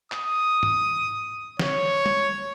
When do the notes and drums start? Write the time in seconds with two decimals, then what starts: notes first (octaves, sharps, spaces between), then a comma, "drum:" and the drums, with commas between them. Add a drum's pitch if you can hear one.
0.12 D#6, drum: clap
0.63 drum: tom G#2
1.59 C#5, drum: snare
2.06 drum: tom